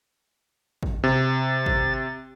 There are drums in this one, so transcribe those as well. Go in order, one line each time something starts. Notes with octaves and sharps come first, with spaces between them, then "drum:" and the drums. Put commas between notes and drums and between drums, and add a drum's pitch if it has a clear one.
drum: kick G#1
C3 A6
drum: kick G#1